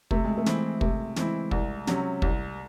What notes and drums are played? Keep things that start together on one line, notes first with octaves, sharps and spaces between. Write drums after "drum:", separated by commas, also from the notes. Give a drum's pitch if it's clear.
C3 A3, drum: kick
G#3
A3
E3 C4 E4, drum: snare
C3 A3, drum: kick
E3 G#3 C4 E4, drum: snare
C2, drum: kick
C3 F#3 C#4, drum: snare
C2, drum: kick